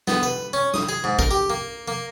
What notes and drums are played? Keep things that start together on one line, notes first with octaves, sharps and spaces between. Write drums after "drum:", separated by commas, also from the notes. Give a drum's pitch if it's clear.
B3, drum: snare
B4
C#4
D#6, drum: snare
G#4
G#2
A#4, drum: kick
G4
A#3
A#3